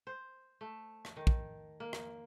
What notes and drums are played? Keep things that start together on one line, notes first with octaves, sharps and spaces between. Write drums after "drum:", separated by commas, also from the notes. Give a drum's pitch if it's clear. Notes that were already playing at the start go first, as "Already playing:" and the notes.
C5
A3
drum: rim click
D#3
drum: kick
A#3
drum: rim click